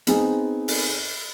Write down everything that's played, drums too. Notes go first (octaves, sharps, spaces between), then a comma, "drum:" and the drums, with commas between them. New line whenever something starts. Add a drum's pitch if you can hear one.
B3 C4 D#4 G#4 G#5, drum: hi-hat
drum: open hi-hat